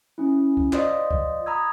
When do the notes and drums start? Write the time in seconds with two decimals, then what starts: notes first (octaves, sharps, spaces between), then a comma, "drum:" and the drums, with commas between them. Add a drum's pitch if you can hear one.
0.18 C#4 E4
0.57 drum: kick
0.73 F4 C5 D5 D#5 D#6, drum: clap
1.11 drum: kick
1.46 A#5 B5 D#6 E6 G#6